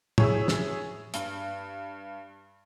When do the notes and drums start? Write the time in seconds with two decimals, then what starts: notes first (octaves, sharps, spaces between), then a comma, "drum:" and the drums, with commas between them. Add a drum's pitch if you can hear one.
0.18 E4 G#4 C#5, drum: tom
0.48 drum: snare
1.14 G2, drum: hi-hat